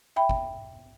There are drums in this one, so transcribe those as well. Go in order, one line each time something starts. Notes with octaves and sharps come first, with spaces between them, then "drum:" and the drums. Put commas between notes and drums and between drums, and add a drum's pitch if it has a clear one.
E5 G5 B5
drum: kick